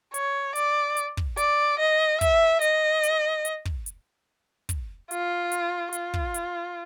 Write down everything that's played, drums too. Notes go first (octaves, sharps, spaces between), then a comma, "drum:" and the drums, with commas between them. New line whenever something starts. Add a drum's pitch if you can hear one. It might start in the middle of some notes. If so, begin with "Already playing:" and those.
C#5, drum: hi-hat
D5, drum: hi-hat
drum: hi-hat
drum: kick
D5, drum: hi-hat
D#5
E5, drum: kick, hi-hat
D#5, drum: hi-hat
drum: hi-hat
drum: hi-hat
drum: kick
drum: hi-hat
drum: kick, hi-hat
F4, drum: hi-hat
drum: hi-hat
F4, drum: hi-hat
drum: kick
drum: hi-hat